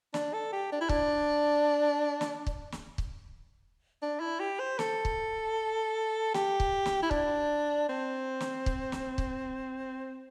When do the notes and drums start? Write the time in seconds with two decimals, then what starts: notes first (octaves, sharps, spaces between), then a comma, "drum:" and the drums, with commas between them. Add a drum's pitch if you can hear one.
0.14 D4, drum: snare
0.33 A4
0.53 G4
0.72 D4
0.81 E4
0.89 D4, drum: kick
2.21 drum: snare
2.47 drum: kick
2.72 drum: snare
2.98 drum: kick
4.02 D4
4.20 E4
4.40 G4
4.60 C5
4.79 A4, drum: snare
5.05 drum: kick
6.34 G4, drum: snare
6.60 drum: kick
6.86 drum: snare
7.03 E4
7.11 D4, drum: kick
7.89 C4
8.40 drum: snare
8.66 drum: kick
8.92 drum: snare
9.18 drum: kick